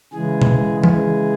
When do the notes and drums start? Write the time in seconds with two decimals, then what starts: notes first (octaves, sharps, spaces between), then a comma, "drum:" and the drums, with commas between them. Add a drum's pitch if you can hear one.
0.13 C#3 E3 G#3 G#4
0.42 drum: tom B2
0.84 G#4, drum: tom E3